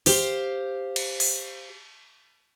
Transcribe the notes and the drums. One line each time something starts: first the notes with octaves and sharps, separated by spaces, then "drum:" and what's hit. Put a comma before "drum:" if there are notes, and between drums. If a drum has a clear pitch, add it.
G4 C5 F5, drum: open hi-hat
drum: cymbal
drum: open hi-hat